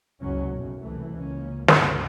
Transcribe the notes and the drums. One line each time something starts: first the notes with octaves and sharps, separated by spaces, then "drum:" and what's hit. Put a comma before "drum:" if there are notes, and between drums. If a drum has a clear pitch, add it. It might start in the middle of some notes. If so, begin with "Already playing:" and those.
F#1 C#2 F#3 C#4
B1 F#2
C2 E3 A3
C#2 A#3 C#4
C#2 G2 B2 D3, drum: snare